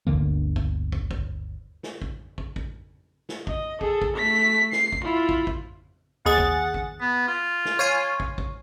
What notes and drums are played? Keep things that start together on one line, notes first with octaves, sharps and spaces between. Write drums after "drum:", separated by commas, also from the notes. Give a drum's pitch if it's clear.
G1 D2 D3 A#3
drum: kick
drum: kick
drum: kick
drum: snare
drum: kick
drum: kick
drum: kick
drum: snare
D#5, drum: kick
G#4 A4, drum: kick
drum: kick
A3 B6
C7, drum: snare
drum: kick
E4 F4
drum: kick
drum: kick
D#2 G#4 F#5 A6
drum: kick
drum: kick
B3
F4
drum: snare
C#5 F5 G#5
drum: kick
drum: kick